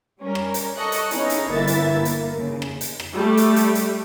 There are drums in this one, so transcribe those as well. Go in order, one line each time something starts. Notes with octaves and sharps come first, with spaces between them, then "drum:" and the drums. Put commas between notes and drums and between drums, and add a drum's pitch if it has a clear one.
G3 C#4 A#4
drum: rim click
drum: hi-hat
A4 D#5 C#6 F#6
drum: hi-hat
B3 C#4 D#4 E4 G#4 C#5, drum: hi-hat
drum: hi-hat
G1 E3 A#3 E4 E5 A6
drum: hi-hat
A#3
drum: hi-hat
D#2 C#3
drum: rim click
drum: hi-hat
drum: rim click
G3 A3
drum: hi-hat
drum: hi-hat
drum: hi-hat